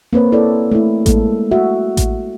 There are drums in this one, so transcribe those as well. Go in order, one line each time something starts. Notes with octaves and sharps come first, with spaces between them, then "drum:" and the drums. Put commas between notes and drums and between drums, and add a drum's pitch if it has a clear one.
A#3 C4 B4 C#5
E4 A4 C#5 D5
A3 E4
G#3 A#3 A4, drum: kick A1, hi-hat
F#4 E5
drum: kick A1, hi-hat